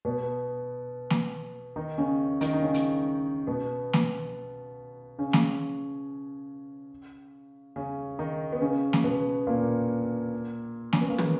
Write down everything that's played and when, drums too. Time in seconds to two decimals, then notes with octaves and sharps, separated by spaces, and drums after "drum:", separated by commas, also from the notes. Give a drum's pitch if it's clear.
0.05 B2 B3
1.10 drum: snare
1.76 D#3 D#4
1.98 C#3 C#4
2.41 D#3 D#4, drum: hi-hat
2.53 D#4
2.62 C#3 C#4
2.74 drum: hi-hat
3.47 B2 B3
3.93 drum: snare
5.18 C#3 C#4
5.33 drum: snare
7.76 C#3 C#4
8.19 D#3 D#4
8.52 B3
8.61 C#3 C#4
8.93 drum: snare
9.04 B2 B3
9.47 A#2 A#3
10.93 C#4, drum: snare
11.01 B3
11.10 A#3
11.18 G#3, drum: tom